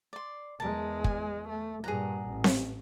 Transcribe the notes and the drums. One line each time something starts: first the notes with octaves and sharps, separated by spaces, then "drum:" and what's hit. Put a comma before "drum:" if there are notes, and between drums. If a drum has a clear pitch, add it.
D5 C6
E2 G#3 A#4 A5
G#5, drum: kick
A3
G2 A#2 G#4 F#5 A#5
A1
drum: snare C4